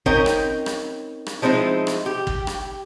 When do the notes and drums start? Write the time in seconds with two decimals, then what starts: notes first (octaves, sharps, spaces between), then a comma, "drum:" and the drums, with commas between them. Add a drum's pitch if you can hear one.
0.06 C4 C#4 D#4 A#4 G5, drum: kick
0.26 drum: rim click
0.66 drum: rim click
1.26 drum: rim click
1.42 F3 G#3 C4 D#4 E4
1.87 drum: rim click
2.06 G4
2.27 drum: kick
2.47 drum: rim click